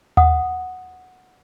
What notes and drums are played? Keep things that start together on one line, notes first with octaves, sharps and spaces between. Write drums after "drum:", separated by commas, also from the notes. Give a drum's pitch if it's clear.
F#5 D#6, drum: tom D#2